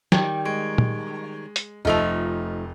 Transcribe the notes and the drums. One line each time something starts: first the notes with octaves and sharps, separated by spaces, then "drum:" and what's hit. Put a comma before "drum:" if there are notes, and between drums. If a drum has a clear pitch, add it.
D#3 G3 G5 G#6, drum: snare F#3
G#3 C#6 G#6 D7
drum: tom A#2
drum: hi-hat
F1 F3 A3 D#4 F4 D#5 F6 F7